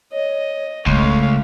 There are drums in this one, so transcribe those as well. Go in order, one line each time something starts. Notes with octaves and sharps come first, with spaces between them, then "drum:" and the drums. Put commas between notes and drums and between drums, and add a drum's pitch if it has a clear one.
C#5 D#5
C#2 A3 C#5 F5, drum: kick C2